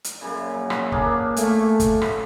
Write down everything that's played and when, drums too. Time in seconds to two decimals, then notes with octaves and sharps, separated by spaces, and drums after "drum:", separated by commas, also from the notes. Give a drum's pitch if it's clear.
0.04 drum: hi-hat
0.21 F#2 A#2 C#3
0.54 F#3
0.70 drum: rim click
0.92 A#3 D4 G#4, drum: kick
1.37 A3, drum: hi-hat
1.80 drum: kick, hi-hat
2.02 drum: rim click